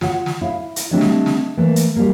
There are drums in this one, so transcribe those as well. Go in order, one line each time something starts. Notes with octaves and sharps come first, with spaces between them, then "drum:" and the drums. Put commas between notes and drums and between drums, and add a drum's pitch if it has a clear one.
F4 F#5, drum: snare
drum: snare
E4 F5
drum: hi-hat
G3 A3 C4 D4 C#5 D#5
drum: snare
drum: snare
E3 A3 A#3
drum: hi-hat
G3 A#3